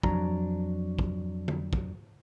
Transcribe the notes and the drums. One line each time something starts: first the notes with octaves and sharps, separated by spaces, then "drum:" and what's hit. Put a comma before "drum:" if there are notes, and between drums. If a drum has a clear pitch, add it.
F2 F#3 D4 A#5, drum: kick
drum: kick
drum: tom D3
drum: kick